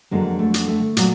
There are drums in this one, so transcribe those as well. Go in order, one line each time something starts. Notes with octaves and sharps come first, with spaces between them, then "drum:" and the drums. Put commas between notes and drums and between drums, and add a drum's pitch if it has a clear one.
F2 D3 F#3 G#3 A#3
A3
drum: hi-hat
A3
A#2 F#3, drum: hi-hat